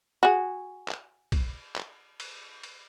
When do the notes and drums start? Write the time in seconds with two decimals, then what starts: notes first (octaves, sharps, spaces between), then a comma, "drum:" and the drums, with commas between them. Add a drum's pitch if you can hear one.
0.23 F#4 G#4
0.88 drum: clap
1.32 drum: kick B1, cymbal
1.76 drum: clap
2.20 drum: cymbal
2.63 drum: cymbal